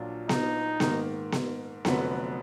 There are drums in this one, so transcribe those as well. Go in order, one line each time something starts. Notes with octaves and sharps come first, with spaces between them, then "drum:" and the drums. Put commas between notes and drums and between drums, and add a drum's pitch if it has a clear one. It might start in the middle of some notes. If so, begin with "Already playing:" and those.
Already playing: A#1 A#2 F#3 D4 F4
D#4, drum: snare B3
G#2 D#3 A#3, drum: snare B3
drum: snare B3
F1 F2 D3 F#3 B3, drum: snare B3